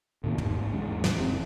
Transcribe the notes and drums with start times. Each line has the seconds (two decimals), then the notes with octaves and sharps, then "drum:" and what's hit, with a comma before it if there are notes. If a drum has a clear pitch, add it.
0.24 A2 C3 D#3 A#3
0.38 A1 F2 G#2, drum: tom
0.72 E2 E3 G#3 C#4
1.04 A2 E3, drum: snare
1.19 F1 E3 C4